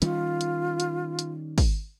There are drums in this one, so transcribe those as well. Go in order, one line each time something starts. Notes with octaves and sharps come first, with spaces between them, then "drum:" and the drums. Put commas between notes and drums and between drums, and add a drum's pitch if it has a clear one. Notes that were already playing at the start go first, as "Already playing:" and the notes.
D#3 G3 C#4 F4, drum: hi-hat
drum: hi-hat
drum: hi-hat
drum: hi-hat
drum: kick, open hi-hat